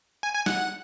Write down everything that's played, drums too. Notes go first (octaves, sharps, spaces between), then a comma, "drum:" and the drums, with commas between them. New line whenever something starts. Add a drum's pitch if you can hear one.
G#5
G#5
F#5, drum: snare